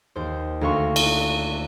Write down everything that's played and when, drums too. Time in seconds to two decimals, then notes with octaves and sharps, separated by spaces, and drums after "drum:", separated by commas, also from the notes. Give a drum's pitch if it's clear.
0.16 D#2 C5
0.61 D2 A#3 F5 C6 C#6
0.96 drum: cymbal